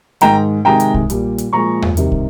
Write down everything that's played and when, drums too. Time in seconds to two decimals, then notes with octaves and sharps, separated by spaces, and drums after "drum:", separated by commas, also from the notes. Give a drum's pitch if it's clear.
0.21 G#2 D#3 G#3 G5 A#5, drum: hi-hat
0.65 C3 D#3 G#3 G5 A#5
0.80 drum: hi-hat
0.94 drum: kick
1.10 A#2 G3, drum: hi-hat
1.38 drum: hi-hat
1.53 A#2 F3 G#3 A#5 C#6
1.82 drum: tom E2
1.97 C3 D#3 G3, drum: hi-hat
2.12 drum: kick